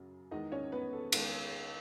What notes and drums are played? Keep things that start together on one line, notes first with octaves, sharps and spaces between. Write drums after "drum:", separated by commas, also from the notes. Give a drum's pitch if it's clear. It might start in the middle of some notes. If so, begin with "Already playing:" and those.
Already playing: F#2 C#3 F#3
E2 D#3 G#3 D#4 D#5
C#4 C#5
B3 B4
A4
E2 D#3 G#3 A4, drum: cymbal